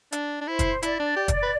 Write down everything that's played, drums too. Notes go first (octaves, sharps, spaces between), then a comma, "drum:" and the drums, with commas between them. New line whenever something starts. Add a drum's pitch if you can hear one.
D4, drum: hi-hat
D4
E4 C5
drum: kick, hi-hat
E4 D5, drum: hi-hat
D4
G4
drum: kick, hi-hat
B4